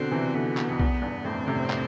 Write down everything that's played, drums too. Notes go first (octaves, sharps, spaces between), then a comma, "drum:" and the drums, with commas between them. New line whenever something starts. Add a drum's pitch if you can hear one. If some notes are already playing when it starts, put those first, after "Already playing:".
Already playing: B2 D3 C4
C3 E3
B2 D3 B3
drum: clap
F2
E2, drum: kick
E2 G2
F2 A2 C4
A2 C3
drum: clap